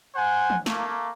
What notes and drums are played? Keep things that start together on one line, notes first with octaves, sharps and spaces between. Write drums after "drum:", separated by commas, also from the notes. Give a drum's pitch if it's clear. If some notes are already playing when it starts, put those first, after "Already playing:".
C5 F#5 G#5
drum: tom
A3 A#3, drum: snare